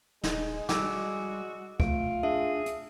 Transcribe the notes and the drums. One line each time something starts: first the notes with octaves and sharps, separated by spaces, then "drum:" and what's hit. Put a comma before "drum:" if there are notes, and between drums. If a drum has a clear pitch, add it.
D#1 G#3 D#4, drum: snare
G3 F#4 D6 E6, drum: snare
A3 F4 D7, drum: kick
D4 G#4 E5
drum: hi-hat